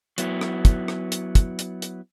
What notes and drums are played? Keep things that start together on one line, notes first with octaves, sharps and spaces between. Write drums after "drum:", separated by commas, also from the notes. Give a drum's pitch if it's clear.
F#3 B3 E4, drum: hi-hat
drum: rim click
drum: kick, hi-hat
drum: rim click
drum: hi-hat
drum: kick, hi-hat
drum: hi-hat
drum: hi-hat